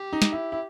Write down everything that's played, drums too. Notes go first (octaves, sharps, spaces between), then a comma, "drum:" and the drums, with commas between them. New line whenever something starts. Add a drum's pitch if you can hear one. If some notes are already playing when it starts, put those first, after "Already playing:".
Already playing: G4
D#4
drum: snare
E4
E4